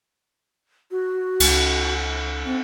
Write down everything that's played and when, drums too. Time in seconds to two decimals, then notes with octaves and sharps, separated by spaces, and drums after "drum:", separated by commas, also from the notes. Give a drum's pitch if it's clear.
0.91 F#4
1.40 C#2, drum: cymbal
2.45 C4